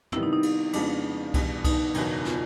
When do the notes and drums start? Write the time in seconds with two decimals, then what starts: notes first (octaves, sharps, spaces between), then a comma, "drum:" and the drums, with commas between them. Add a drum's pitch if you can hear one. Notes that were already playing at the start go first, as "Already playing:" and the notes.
0.12 C3 D#3 G3 B3 E4, drum: tom
0.23 D#4
0.33 D#4
0.43 drum: cymbal
0.73 F2 C#3 F3 G#3 B3 D4, drum: cymbal
1.34 E2 B2 G3, drum: kick C2, cymbal
1.64 D#4, drum: kick C2, cymbal
1.94 F#1 E2 B2 F#3, drum: cymbal
2.25 F4, drum: snare